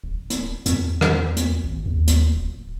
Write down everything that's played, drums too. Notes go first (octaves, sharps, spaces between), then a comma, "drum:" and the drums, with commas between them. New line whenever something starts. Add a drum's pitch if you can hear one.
D1
drum: hi-hat
E2, drum: hi-hat
drum: rim click
drum: hi-hat
G#1
D#2
drum: hi-hat
D1